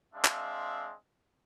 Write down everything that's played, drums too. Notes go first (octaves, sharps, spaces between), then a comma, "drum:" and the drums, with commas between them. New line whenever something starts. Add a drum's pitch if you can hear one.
G#3 C4 D4 E5 F5
drum: clap